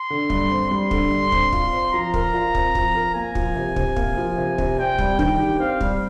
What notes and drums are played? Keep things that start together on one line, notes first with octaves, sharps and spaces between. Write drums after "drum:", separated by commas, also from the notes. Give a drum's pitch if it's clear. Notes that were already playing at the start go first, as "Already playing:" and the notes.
Already playing: C6
D3
G2, drum: kick
C4
G3 C6
D3, drum: kick
G2
C4, drum: kick
F4, drum: kick
C4
F3 A#5
A#4, drum: kick
F4
C4, drum: kick
F3, drum: kick
A#4
A#3 G#5
F3, drum: kick
C3
C3, drum: kick
A#3, drum: kick
F3
C3
C3, drum: kick
C4 G5
G3, drum: kick
D#3 G5, drum: kick
G4
C4 F5
G3, drum: kick